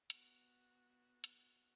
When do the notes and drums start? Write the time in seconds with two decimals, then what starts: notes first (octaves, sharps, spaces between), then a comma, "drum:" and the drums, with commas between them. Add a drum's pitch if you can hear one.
0.10 B3 F#4, drum: hi-hat
1.24 drum: hi-hat